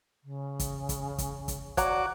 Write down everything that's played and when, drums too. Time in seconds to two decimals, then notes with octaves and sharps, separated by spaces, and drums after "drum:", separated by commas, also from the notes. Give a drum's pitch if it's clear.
0.23 C#3
0.59 drum: kick, hi-hat
0.89 drum: kick, hi-hat
1.18 drum: kick, hi-hat
1.48 drum: kick, hi-hat
1.77 F#4 C#5 D5 F#5 A#5 D6, drum: kick, hi-hat